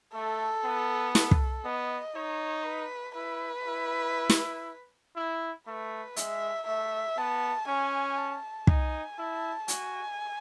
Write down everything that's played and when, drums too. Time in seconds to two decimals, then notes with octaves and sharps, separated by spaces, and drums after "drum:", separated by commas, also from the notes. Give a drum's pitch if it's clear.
0.14 A3 A4
0.65 B3
1.15 A4, drum: snare
1.31 drum: kick
1.65 B3 D#5
2.15 D#4 C#5
2.65 B4
3.15 E4 B4
3.66 E4
4.30 drum: snare
5.16 E4
5.67 A3 B4
6.16 G#3 E5, drum: hi-hat
6.67 A3 E5
7.18 B3 A5
7.68 C#4 G#5
8.18 A5
8.67 D#4 G#5, drum: kick
9.18 E4 A5
9.68 F#4 G#5, drum: hi-hat